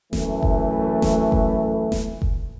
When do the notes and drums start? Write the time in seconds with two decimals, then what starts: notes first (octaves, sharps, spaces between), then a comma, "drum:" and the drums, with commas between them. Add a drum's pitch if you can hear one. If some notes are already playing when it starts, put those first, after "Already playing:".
0.13 F#2 E3 A3, drum: snare E1
0.43 drum: kick F#1
1.02 drum: snare E1
1.32 drum: kick F#1
1.92 drum: snare E1
2.22 drum: kick F#1